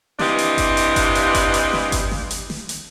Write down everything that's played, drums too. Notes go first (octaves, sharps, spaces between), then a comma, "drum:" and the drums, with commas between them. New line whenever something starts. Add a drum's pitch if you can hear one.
C3 E3 D4 G4 D#5 F5, drum: snare
drum: hi-hat
drum: kick G1, hi-hat
drum: hi-hat
drum: kick G1, hi-hat
drum: hi-hat
drum: kick G1, hi-hat
drum: hi-hat
drum: snare
drum: kick G1, hi-hat
drum: snare
drum: hi-hat
drum: snare
drum: hi-hat